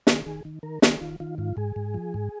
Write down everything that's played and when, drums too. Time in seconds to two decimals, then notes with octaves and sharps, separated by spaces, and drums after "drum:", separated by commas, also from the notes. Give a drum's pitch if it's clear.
0.07 D#3 G#4, drum: snare
0.26 D#3 G#4
0.45 D#3
0.63 D#3 A#4
0.82 D#3 G#4, drum: snare
1.01 D#3 F4
1.20 D#3 F4
1.38 G#2 F4
1.57 G#2 G#4
1.76 G#2
1.94 F3
2.14 G#2